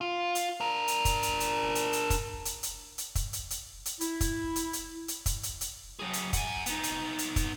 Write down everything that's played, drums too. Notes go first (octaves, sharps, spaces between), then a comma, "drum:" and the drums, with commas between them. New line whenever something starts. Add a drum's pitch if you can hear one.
F4
drum: hi-hat
D4 A#4
drum: hi-hat
drum: kick, hi-hat
drum: hi-hat
drum: hi-hat
drum: hi-hat
drum: hi-hat
drum: kick, hi-hat
drum: hi-hat
drum: hi-hat
drum: hi-hat
drum: kick, hi-hat
drum: hi-hat
drum: hi-hat
drum: hi-hat
E4, drum: hi-hat
drum: kick, hi-hat
drum: hi-hat
drum: hi-hat
drum: hi-hat
drum: kick, hi-hat
drum: hi-hat
drum: hi-hat
F#3 G#4
drum: hi-hat
F#5 G#5, drum: kick, hi-hat
B3 D#4, drum: hi-hat
drum: hi-hat
drum: hi-hat
drum: kick, hi-hat